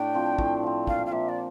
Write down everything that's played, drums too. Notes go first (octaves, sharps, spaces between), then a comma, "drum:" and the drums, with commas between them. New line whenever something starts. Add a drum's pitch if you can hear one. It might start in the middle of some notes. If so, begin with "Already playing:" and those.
Already playing: A2 D4 G5
F3 C4
A2, drum: kick
F3 C4
A#2 F5, drum: kick
F5
F3 A#3 E5
D5